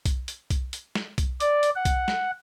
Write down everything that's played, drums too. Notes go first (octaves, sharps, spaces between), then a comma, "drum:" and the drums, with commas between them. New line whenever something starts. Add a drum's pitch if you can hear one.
drum: kick B1, hi-hat
drum: hi-hat
drum: kick B1, hi-hat
drum: hi-hat
drum: snare
drum: kick B1, hi-hat
D5, drum: hi-hat
drum: hi-hat
F#5
drum: kick B1, hi-hat
drum: snare